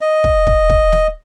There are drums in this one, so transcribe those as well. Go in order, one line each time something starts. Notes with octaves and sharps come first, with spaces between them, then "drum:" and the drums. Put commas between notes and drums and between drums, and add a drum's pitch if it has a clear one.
D#5
drum: kick
drum: kick
drum: kick
drum: snare